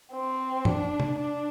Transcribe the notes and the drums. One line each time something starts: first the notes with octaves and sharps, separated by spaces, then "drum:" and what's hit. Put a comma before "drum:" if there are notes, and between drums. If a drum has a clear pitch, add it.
C4
D4, drum: tom G#2
drum: tom
D4